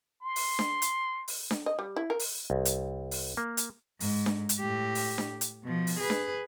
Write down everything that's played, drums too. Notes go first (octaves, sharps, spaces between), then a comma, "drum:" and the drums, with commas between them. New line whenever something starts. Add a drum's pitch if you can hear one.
C6
drum: open hi-hat
drum: snare D4
drum: hi-hat
drum: open hi-hat
drum: snare D4
D#5
G3
E4
A#4
drum: open hi-hat
C2
drum: hi-hat
drum: open hi-hat
A#3
drum: hi-hat
G#2, drum: open hi-hat
drum: snare D4
drum: hi-hat
A2 G4
drum: open hi-hat
drum: snare D4
drum: hi-hat
B2 F3
drum: open hi-hat
G#4 B4
drum: snare D4